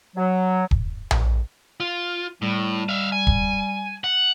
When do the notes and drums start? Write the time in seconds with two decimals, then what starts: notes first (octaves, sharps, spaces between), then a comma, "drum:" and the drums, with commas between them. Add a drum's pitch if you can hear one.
0.16 F#3
0.71 drum: kick
1.11 drum: tom A#1
1.80 F4
2.42 A2 G3
2.89 E5 F5
3.12 G#5
3.27 drum: kick
4.04 F#5